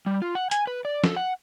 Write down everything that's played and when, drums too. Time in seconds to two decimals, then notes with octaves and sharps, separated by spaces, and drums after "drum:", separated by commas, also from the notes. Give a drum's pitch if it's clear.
0.06 G3
0.22 F4
0.35 F#5
0.51 G#5, drum: hi-hat
0.67 B4
0.85 D5
1.04 A4, drum: snare
1.17 F#5